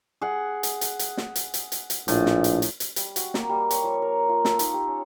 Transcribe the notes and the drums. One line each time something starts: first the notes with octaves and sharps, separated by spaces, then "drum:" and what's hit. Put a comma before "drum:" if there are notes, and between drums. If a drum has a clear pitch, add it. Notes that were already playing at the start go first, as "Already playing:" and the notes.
G#4 F#5
drum: hi-hat
drum: hi-hat
drum: hi-hat
drum: snare
drum: hi-hat
drum: hi-hat
drum: hi-hat
drum: hi-hat
A#1 A2, drum: hi-hat
drum: snare
drum: hi-hat
drum: hi-hat
drum: hi-hat
G3, drum: hi-hat
F#4, drum: hi-hat
A#3, drum: snare
G3
C#5, drum: hi-hat
F3
A#4
F4
A4, drum: snare
D#4, drum: hi-hat
G4
C#4